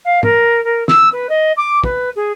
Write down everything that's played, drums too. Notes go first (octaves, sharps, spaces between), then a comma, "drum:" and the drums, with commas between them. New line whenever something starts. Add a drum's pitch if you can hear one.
F5
A#4, drum: tom
A#4
E6, drum: snare
B4
D#5
D6
B4, drum: kick
G#4